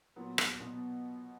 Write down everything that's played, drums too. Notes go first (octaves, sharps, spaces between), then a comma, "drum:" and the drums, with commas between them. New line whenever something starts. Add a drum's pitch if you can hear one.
A#2 F#3 B3
drum: rim click
B2 F#3 B3